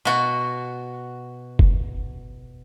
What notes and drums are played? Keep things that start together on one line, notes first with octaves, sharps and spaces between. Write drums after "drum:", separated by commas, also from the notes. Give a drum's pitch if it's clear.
B2 F#4
drum: kick F1